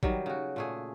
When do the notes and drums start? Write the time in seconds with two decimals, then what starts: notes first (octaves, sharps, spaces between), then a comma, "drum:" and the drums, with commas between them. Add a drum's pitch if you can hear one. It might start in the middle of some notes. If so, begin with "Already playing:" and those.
0.03 D#3 F#3 G3, drum: kick G#1
0.26 C#3 F#4
0.56 A#2 A3 G#4